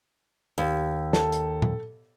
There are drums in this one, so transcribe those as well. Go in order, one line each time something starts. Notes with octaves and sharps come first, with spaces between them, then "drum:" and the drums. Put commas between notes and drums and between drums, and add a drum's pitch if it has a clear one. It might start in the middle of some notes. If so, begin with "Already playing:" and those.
D#2
A4, drum: snare
drum: hi-hat
drum: tom A#2